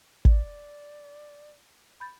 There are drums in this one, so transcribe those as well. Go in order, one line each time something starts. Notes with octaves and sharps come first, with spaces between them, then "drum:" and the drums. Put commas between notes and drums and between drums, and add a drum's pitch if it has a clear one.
D5, drum: kick
B5 G6 A6